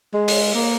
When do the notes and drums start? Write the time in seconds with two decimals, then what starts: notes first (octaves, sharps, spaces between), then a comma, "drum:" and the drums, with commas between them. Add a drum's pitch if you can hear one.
0.14 G#3
0.28 drum: open hi-hat
0.55 A#3